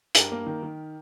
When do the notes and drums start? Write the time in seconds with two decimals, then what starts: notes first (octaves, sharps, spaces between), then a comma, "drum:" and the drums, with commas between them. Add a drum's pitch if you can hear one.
0.15 G2 G4 A#4, drum: hi-hat
0.32 A#3
0.47 D#3
0.63 D#3